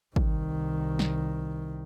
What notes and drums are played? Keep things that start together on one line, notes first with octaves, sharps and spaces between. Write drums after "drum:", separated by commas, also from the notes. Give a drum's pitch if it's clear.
C2 D#3, drum: kick
drum: snare